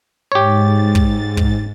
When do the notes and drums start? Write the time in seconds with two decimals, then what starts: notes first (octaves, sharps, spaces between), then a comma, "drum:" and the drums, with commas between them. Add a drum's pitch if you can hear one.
0.32 G#2 G4 C#5 A6
0.95 drum: kick
1.37 drum: kick